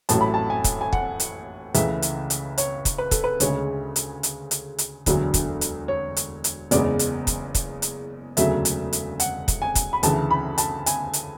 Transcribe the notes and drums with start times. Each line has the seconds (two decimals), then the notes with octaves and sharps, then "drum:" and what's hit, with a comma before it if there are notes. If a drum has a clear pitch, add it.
0.09 A1 A2 F#3 A3 A5, drum: hi-hat
0.21 B5
0.34 A5
0.50 G#5
0.64 drum: kick, hi-hat
0.81 G#5
0.93 F#5, drum: kick
1.20 drum: hi-hat
1.74 C#2 C#3 E3 A3 E5, drum: hi-hat
2.02 drum: hi-hat
2.30 drum: hi-hat
2.58 C#5, drum: hi-hat
2.85 drum: kick, hi-hat
2.98 B4
3.11 A4, drum: kick, hi-hat
3.24 B4
3.40 D2 C#3 G#3 C#5, drum: hi-hat
3.96 drum: hi-hat
4.23 drum: hi-hat
4.51 drum: hi-hat
4.78 drum: hi-hat
5.06 E1 D2 D3 F#3, drum: kick, hi-hat
5.34 drum: kick, hi-hat
5.61 drum: hi-hat
5.88 C#5
6.16 drum: hi-hat
6.44 drum: hi-hat
6.71 F#1 E2 C#3 G#3 D5, drum: hi-hat
6.99 drum: hi-hat
7.27 drum: kick, hi-hat
7.55 drum: kick, hi-hat
7.82 drum: hi-hat
8.37 E1 D2 C#3 F#3 A3 E5, drum: hi-hat
8.65 drum: hi-hat
8.93 drum: hi-hat
9.20 F#5, drum: hi-hat
9.48 drum: kick, hi-hat
9.62 G#5
9.75 drum: kick, hi-hat
9.93 B5
10.03 D2 C#3 E3 A5, drum: hi-hat
10.31 B5
10.58 A5, drum: hi-hat
10.86 G#5, drum: hi-hat
11.13 drum: hi-hat